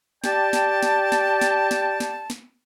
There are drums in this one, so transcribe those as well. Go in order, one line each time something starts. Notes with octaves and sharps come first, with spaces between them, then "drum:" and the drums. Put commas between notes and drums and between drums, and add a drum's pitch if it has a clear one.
G4 D5 G5 A5, drum: snare
drum: snare
drum: snare
drum: snare
drum: snare
drum: snare
drum: snare
drum: snare